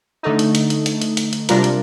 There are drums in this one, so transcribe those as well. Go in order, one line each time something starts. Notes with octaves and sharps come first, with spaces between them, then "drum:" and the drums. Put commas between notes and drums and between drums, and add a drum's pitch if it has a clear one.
D3 A3 D#4
drum: hi-hat
drum: hi-hat
drum: hi-hat
drum: hi-hat
drum: hi-hat
drum: hi-hat
drum: hi-hat
C3 G3 D4 F4 A#4, drum: hi-hat
drum: hi-hat